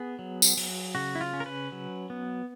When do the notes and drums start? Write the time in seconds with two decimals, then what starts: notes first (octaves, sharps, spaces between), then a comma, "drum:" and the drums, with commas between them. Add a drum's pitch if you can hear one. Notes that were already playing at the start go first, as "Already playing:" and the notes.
Already playing: B3 G#4
0.19 F#3
0.42 drum: tambourine
0.57 F#3, drum: open hi-hat
0.95 C#3 F#4
1.15 E4
1.21 F4
1.33 C#4
1.40 A#4
1.46 B4
1.72 F#3
2.10 B3